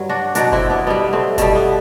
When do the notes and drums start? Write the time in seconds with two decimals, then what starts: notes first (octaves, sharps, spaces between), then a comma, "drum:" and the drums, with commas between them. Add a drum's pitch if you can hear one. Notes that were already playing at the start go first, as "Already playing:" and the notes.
Already playing: G2 F#3
0.09 D4 F#4
0.35 B2 F#3 D4 F#4, drum: hi-hat
0.52 C4 E4, drum: kick F#1
0.70 B3 D4
0.87 B2 G3 B3
1.13 A3 C4
1.38 B2 G3 A3, drum: kick F#1, hi-hat
1.55 B3